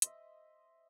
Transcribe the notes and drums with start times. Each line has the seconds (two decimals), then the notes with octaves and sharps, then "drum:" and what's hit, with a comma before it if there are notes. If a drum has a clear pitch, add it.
0.02 C5 D#5 E5, drum: hi-hat